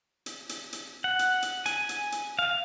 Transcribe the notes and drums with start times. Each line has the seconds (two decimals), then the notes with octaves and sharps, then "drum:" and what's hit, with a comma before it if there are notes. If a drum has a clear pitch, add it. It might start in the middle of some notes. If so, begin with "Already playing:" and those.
0.26 drum: hi-hat
0.49 drum: hi-hat
0.73 drum: hi-hat
1.04 F#5
1.19 drum: hi-hat
1.42 drum: hi-hat
1.66 G#5, drum: hi-hat
1.89 drum: hi-hat
2.12 drum: hi-hat
2.39 F5